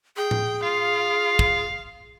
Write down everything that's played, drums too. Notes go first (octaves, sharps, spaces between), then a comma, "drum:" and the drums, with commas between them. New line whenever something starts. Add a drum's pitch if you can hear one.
G#4 G5
drum: tom A2
F4 F5
drum: kick